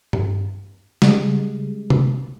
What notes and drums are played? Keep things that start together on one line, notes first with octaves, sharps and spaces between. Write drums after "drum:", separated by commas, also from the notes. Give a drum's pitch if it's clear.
drum: tom G2
C#3 G3 G#3, drum: snare
drum: tom C3